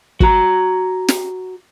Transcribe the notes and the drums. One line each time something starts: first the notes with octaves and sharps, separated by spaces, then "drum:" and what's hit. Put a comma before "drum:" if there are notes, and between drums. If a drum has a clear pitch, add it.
F#4 A#5, drum: kick
drum: snare